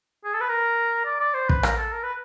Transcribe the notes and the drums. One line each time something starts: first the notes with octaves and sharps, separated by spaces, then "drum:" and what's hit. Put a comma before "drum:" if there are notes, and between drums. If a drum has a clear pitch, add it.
G#4
A4
B4
A#4
D5
D5
C5
B4, drum: kick
A#4, drum: rim click
A4
A#4
B4